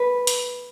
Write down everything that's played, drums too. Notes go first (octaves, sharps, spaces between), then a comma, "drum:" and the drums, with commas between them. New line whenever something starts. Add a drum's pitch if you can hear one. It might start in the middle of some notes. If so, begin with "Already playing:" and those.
Already playing: B4
drum: hi-hat